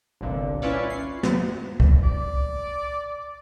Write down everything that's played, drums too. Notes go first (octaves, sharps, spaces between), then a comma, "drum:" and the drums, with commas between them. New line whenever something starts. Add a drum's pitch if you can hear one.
G1 C2 A#2 D3
C#4 E4 F4 B4 C#5 D5
C7
drum: snare
drum: kick
D5